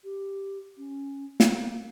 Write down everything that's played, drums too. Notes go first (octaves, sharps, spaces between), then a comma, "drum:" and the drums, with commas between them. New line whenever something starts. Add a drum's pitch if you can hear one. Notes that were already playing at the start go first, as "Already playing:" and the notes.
G4
C#4
A#3, drum: snare